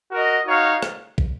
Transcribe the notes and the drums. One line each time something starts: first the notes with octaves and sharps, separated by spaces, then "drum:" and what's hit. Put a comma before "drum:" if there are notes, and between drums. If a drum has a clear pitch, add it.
F#4 A#4 D#5
D#4 F#4 C#5 F5
drum: rim click
drum: kick